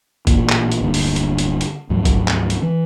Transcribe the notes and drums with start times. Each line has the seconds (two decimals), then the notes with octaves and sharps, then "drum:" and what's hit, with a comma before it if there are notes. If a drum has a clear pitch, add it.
0.27 A1 A#2 A#3, drum: kick, hi-hat
0.49 drum: clap
0.72 drum: hi-hat
0.83 D1 G2 D3 A#3
0.94 drum: open hi-hat
1.16 drum: hi-hat
1.38 drum: hi-hat
1.61 drum: hi-hat
1.90 D2 G#2 F3 F#3
2.05 drum: kick, hi-hat
2.28 drum: clap
2.50 drum: hi-hat
2.62 E3